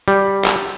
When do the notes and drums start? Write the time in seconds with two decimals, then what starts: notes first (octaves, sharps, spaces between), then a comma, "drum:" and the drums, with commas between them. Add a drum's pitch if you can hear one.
0.08 G3
0.45 drum: clap